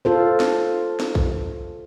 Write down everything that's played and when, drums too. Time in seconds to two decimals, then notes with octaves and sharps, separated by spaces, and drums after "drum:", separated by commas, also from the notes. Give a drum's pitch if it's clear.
0.05 F4 A4 C5
0.40 drum: snare
1.00 drum: snare
1.15 drum: kick